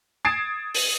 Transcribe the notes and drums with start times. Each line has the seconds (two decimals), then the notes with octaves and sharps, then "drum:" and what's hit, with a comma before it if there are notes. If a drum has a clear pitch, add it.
0.25 D#6 G#6 A6 C7 D7 E7
0.74 drum: open hi-hat